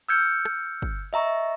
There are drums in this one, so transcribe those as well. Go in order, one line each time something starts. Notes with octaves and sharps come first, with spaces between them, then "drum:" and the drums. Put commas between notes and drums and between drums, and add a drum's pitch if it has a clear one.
E6 F6 G6 G#6 C#7
drum: rim click
drum: kick
D#5 E5 A#5 C#6